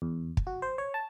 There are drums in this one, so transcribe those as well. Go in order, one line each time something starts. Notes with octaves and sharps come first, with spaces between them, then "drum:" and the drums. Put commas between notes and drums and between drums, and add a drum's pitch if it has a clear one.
E2
drum: kick
F#4
C5
C#5
A5